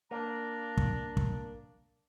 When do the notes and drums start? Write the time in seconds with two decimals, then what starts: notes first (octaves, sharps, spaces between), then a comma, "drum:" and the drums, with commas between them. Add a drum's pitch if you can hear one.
0.11 A#3 D4 A#5
0.77 drum: kick
1.17 drum: kick